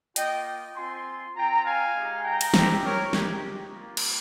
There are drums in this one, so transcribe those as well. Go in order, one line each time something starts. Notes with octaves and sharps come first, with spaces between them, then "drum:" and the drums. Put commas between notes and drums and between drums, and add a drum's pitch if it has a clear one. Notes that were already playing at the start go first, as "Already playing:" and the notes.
A#3 F4 D#5 G5, drum: hi-hat
C4 F4 G#5 C6
C4 F4 G5 A#5
F5 G#5
G#3 D#4 G4
G5 A#5
drum: cymbal
C4 G4, drum: snare
A#4 C#5
G#3 D#4 G4, drum: snare
A#3 F4
drum: cymbal